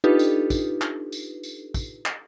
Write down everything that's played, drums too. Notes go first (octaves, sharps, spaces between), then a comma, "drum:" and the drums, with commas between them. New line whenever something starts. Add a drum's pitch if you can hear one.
D4 D#4 F4 G4 A4 B4
drum: tambourine
drum: kick, tambourine
drum: clap
drum: tambourine
drum: tambourine
drum: kick, tambourine
drum: clap